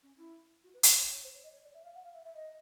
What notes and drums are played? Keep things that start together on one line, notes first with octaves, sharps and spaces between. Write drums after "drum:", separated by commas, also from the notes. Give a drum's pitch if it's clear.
C#4
E4
F#4
B4
C#5, drum: hi-hat
C5
C#5
D#5
C#5
D5
E5
F5
F#5
F5
E5
E5
D#5